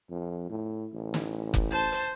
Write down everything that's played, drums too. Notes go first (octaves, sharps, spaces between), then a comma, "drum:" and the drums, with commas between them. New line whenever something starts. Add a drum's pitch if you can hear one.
F2
A2
A1
drum: snare
drum: kick F1
C5 A5
drum: hi-hat